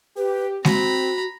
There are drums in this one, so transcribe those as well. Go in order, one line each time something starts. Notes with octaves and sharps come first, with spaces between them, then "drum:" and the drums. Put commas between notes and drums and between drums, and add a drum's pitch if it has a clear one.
G4 B4
C4 F#4 A#5 B5, drum: snare G#3